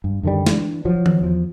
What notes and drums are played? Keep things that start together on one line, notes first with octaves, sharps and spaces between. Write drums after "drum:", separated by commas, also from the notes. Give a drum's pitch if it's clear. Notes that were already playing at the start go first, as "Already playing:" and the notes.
G2
F#2 D3 D#3 G3
E3 B3 D4, drum: snare
F3 F#3
drum: tom D#3
E2 F3